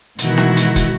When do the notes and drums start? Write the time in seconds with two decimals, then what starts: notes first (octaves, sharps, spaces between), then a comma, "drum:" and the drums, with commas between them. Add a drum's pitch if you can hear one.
0.19 B2 D#3 E3 G#3 E4 F#4, drum: hi-hat
0.38 drum: snare
0.57 drum: hi-hat
0.76 drum: kick, hi-hat